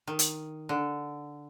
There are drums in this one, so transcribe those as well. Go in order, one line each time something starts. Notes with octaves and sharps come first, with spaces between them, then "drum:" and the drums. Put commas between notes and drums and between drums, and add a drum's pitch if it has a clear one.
D#3
drum: hi-hat
D3